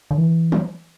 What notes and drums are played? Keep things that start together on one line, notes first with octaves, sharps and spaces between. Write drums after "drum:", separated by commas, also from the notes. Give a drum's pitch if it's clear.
D3
E3
drum: tom